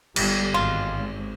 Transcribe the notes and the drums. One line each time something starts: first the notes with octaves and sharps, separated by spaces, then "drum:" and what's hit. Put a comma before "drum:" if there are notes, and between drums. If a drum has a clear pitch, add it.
G1 G3, drum: cymbal
G#1 F4